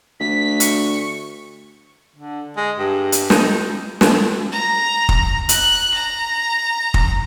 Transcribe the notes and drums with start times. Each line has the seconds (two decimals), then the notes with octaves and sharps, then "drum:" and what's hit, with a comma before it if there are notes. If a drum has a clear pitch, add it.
0.20 D2 B6
0.60 C#6, drum: hi-hat
2.16 D3
2.57 G#3
2.78 G2
3.12 drum: hi-hat
3.30 D#4, drum: snare
4.01 drum: snare
4.52 A#5
5.09 drum: kick
5.49 F#6, drum: hi-hat
5.94 A#5
6.94 drum: kick